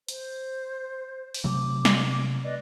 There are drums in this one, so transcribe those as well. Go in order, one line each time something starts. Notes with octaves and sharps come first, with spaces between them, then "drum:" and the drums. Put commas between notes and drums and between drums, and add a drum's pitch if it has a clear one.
C5, drum: hi-hat
drum: open hi-hat
C3 F#3 A3 D6
drum: snare
B4 D5 D#5